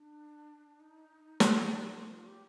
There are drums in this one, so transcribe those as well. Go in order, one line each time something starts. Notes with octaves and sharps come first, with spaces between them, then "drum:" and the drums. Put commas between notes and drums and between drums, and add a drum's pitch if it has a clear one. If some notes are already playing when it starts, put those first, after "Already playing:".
Already playing: D4
D#4
drum: snare
D#4
F4
G4